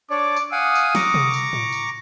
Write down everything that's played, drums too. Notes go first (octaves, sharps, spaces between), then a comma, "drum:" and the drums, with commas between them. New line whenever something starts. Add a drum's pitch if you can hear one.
D4 C#5 D5 D6
drum: tambourine
F5 F#5 G#5 D#6
drum: tambourine
A#5 C#6 D6, drum: snare
drum: tom C3
drum: tambourine
drum: tom A2
drum: tambourine